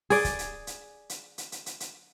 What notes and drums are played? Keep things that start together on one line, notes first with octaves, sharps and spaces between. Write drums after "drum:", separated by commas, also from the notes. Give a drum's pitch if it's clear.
G#4 D5, drum: open hi-hat
drum: kick, hi-hat
drum: hi-hat
drum: hi-hat
drum: hi-hat
drum: hi-hat
drum: hi-hat
drum: hi-hat
drum: hi-hat